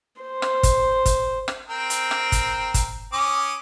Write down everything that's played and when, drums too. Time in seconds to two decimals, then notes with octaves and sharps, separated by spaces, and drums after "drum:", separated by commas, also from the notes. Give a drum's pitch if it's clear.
0.21 C5
0.42 drum: rim click
0.63 drum: kick G1, hi-hat
1.06 drum: kick G1, hi-hat
1.48 drum: rim click
1.69 C4 A#4 G5
1.90 drum: hi-hat
2.11 drum: rim click
2.32 drum: kick G1, hi-hat
2.74 drum: kick G1, hi-hat
3.13 C#4 D6 D#6